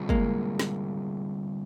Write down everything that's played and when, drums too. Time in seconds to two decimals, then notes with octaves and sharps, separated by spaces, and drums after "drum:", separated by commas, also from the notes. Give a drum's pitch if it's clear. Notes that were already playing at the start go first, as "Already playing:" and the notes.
Already playing: D3 G3 C4 F4 G#4
0.09 G#3 A#3, drum: kick
0.59 drum: snare